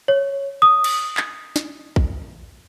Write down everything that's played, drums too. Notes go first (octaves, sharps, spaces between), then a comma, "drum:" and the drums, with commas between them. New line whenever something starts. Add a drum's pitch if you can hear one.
C#5
D#6
drum: cymbal
drum: clap
drum: snare
drum: kick A1